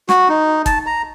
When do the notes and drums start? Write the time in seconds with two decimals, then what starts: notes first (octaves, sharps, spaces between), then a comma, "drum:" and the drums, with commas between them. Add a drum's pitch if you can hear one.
0.09 F#4, drum: snare
0.29 D#4
0.66 A5, drum: kick, hi-hat
0.86 A#5